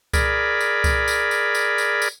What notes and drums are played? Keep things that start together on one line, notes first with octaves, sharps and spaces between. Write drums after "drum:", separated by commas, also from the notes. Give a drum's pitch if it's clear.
G#4 A#4 D5 B5, drum: kick C2, tambourine
drum: tambourine
drum: kick C2, tambourine
drum: tambourine
drum: tambourine
drum: tambourine
drum: tambourine
drum: tambourine